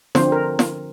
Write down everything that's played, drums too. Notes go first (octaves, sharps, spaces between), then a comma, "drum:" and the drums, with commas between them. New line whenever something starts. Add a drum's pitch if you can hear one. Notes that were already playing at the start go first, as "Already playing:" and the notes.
D3 F3 C4 C5, drum: snare
A#4
drum: snare